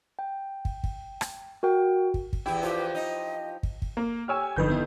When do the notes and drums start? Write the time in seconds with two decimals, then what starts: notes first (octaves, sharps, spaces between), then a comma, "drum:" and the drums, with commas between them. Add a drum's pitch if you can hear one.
0.19 G5
0.65 drum: kick
0.84 drum: kick
1.21 drum: rim click
1.63 F#4 A#4 G5
2.14 drum: kick
2.33 drum: kick
2.46 E2 E4 G4
2.63 F3 G4
2.95 D#4 D#5
3.63 drum: kick
3.82 drum: kick
3.97 A#3
4.28 G4 C#5 G#5 E6 F6
4.56 G1 F2 D3 D#3 B4 G6
4.70 B3 E4